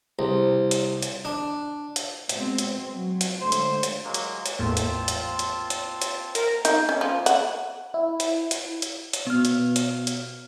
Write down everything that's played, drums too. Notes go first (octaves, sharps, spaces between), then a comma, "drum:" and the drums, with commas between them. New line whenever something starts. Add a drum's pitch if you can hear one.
C2
drum: hi-hat
drum: hi-hat
D4
drum: hi-hat
B2 G#3 C4, drum: hi-hat
drum: hi-hat
F#3
drum: hi-hat
D3 G#3 A3 C5
drum: hi-hat
drum: hi-hat
F#3 G#3 A#3
drum: hi-hat
drum: hi-hat
G#1 E2 A2 A#3 C4 F4 A5
drum: hi-hat
drum: hi-hat
drum: hi-hat
drum: hi-hat
drum: hi-hat
A#4, drum: hi-hat
D#4, drum: hi-hat
C#4
F3
F#5, drum: hi-hat
E4
drum: hi-hat
drum: hi-hat
drum: hi-hat
drum: hi-hat
B2 B3 F6
drum: hi-hat
drum: hi-hat
drum: hi-hat